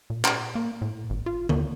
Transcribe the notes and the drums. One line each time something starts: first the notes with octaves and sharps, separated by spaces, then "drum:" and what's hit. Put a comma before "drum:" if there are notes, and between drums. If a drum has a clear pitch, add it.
A#2
drum: clap
A#3
A2
G#1
F4
D#2, drum: tom D3